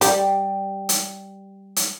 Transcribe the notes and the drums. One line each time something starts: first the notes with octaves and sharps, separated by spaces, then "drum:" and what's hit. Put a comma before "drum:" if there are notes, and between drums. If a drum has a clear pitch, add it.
G3 G4 D5, drum: hi-hat
drum: hi-hat
drum: hi-hat